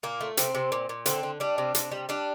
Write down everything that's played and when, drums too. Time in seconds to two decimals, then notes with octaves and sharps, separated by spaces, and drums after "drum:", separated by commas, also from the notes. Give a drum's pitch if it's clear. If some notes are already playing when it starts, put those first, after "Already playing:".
0.03 A#2 A#3
0.21 A3
0.37 C3 C4, drum: hi-hat
0.55 C3
0.72 A#2
0.89 A#2
1.06 D3 C4, drum: hi-hat
1.23 D3
1.40 G3 D4
1.58 C3
1.75 C3, drum: hi-hat
1.92 G3
2.09 G3 D4